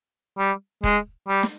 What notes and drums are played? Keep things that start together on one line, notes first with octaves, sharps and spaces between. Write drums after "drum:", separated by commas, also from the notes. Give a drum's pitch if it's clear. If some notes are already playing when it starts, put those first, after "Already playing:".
G3
G#3, drum: kick D#1
G3
drum: snare